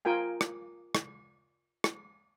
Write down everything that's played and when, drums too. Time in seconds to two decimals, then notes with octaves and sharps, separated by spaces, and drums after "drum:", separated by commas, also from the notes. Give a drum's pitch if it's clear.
0.05 F4 A#4 G5 G#5
0.41 drum: rim click
0.95 drum: rim click
1.84 drum: rim click